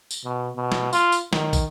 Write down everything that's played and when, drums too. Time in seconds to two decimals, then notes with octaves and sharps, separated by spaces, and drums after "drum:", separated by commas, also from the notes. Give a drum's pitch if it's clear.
0.11 drum: tambourine
0.25 B2
0.56 B2
0.72 drum: snare
0.93 F4, drum: tambourine
1.12 drum: tambourine
1.33 D#3, drum: snare
1.53 drum: kick, tambourine